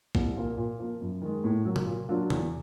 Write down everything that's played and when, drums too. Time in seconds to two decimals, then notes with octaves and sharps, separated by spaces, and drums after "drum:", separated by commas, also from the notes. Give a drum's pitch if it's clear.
0.15 C2, drum: kick A#1
0.36 A#2 F3 A#3
0.57 A#2
0.79 F3 A#3
1.01 F#2
1.21 D#3 G#3
1.44 A2
1.65 F#3 A#3
1.76 drum: tom C3
1.86 A#2
2.09 F#3 A#3 D4 F4
2.30 E2, drum: tom C3